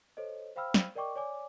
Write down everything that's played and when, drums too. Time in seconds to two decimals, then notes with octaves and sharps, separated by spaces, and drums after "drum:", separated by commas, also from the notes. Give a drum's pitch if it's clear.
0.17 A4 C5 C#5 D#5
0.56 C5 F5 G5 B5 E6 F6
0.74 drum: snare
0.95 A#4 D5 D#5 G5 C#6 D6
1.16 C#5 D5 G#5 D6